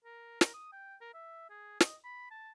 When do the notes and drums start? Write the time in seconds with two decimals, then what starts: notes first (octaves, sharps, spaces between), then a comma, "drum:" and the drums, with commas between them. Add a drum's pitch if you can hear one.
0.05 A#4
0.41 A#4, drum: snare
0.54 D#6
0.72 G5
1.01 A#4
1.14 E5
1.50 G#4
1.80 D#5, drum: snare
2.04 B5
2.31 A5